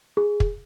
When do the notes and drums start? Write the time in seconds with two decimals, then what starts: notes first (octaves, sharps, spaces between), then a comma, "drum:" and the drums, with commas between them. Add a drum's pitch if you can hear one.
0.17 G#4
0.40 drum: kick